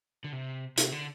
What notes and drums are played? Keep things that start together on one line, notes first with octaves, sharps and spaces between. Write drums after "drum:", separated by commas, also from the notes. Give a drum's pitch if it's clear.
D3
C3
C3, drum: hi-hat
D3